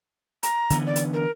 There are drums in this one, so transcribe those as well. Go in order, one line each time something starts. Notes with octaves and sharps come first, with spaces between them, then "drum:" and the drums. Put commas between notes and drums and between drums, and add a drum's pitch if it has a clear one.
A#5, drum: hi-hat
D3 E3 B3, drum: hi-hat
D5
drum: hi-hat
A#4